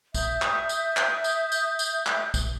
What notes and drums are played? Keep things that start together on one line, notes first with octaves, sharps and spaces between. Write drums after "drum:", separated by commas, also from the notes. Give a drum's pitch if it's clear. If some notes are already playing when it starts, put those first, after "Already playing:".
E5 D#6 G6, drum: kick, tambourine
drum: clap
drum: tambourine
drum: clap
drum: tambourine
drum: tambourine
drum: tambourine
drum: clap
drum: kick, tambourine